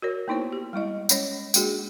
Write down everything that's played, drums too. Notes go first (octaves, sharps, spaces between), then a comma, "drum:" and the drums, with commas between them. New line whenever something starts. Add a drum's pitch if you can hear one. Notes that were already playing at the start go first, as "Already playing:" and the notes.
F#4 A#4 C#5
A#3 B3 D#4 E4 C5 C#5
G4
G3 G#3 E4 D#5
G#3 C#4 C#5, drum: tambourine
G#3 A#3 D4 F#4 G#4, drum: tambourine